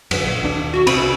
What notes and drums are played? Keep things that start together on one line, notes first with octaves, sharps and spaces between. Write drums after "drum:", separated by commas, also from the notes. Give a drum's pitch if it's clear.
F#2 D3, drum: cymbal
A#1
E1 D#2 D4
F#4
C2 C3 C4 B5, drum: cymbal